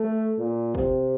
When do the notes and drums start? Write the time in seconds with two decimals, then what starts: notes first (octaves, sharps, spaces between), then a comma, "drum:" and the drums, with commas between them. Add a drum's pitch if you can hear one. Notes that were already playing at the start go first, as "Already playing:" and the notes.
Already playing: A3
0.38 A#2
0.75 C3, drum: kick